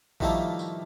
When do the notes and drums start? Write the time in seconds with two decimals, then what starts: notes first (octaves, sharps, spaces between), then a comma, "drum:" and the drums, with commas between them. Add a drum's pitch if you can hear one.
0.20 A2 D#3 F3 G3 A3 A#3, drum: kick A1
0.59 drum: tambourine